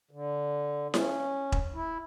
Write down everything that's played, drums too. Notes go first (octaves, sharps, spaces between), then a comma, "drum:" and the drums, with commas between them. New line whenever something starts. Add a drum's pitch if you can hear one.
D3
C#4, drum: snare E4
drum: kick E1
E4